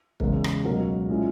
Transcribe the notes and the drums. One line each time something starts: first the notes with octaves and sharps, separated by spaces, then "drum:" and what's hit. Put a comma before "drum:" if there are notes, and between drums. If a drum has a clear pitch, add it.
E2 C#3 G#3 A#4, drum: kick
drum: rim click
C#2 B2 F#3 A#4
A#2 G#3 C#4 E4